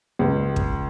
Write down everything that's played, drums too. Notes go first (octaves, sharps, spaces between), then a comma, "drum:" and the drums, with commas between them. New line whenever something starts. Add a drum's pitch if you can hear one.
C#2
drum: kick